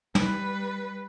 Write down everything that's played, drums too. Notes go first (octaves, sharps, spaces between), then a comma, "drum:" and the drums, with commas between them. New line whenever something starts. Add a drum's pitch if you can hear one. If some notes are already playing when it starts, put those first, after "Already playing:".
G3 B4, drum: tom